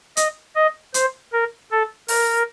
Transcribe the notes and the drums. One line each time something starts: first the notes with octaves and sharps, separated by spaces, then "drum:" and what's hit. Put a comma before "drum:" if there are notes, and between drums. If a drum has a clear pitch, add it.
D#5, drum: hi-hat
D#5
C5, drum: hi-hat
A#4
A4
A#4, drum: open hi-hat